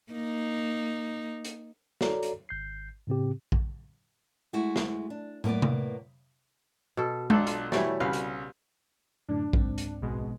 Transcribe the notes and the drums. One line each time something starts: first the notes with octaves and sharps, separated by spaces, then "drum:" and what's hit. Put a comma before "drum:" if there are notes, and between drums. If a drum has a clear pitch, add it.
A#3 D#4
drum: hi-hat
F#4 A4 C#5 D5 A#5, drum: snare
drum: hi-hat
G#1 G6 C7
A2 C#3 C4 G4
drum: kick A#1
G#3 A3 E4 F#4
drum: snare
D4
A2 A#3 B3 B4 D5, drum: tom
drum: tom C3
B2 A4
B1 D4 A4, drum: tom G#3
F4, drum: hi-hat
E3 F#3 G3 A3, drum: snare
C2 C#3 B4 F5
drum: hi-hat
F#2 A2 D3 D4
C#2 G#2 C4, drum: kick A#1
drum: hi-hat
A#1 B2 G#3